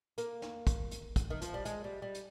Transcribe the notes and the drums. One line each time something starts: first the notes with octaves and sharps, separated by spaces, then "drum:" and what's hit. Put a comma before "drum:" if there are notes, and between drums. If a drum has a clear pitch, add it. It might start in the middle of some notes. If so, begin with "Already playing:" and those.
A#3, drum: hi-hat
drum: snare
drum: kick, hi-hat
drum: hi-hat
drum: kick, hi-hat
D#3
F3, drum: hi-hat
G3
G#3, drum: hi-hat
G3
G3
drum: hi-hat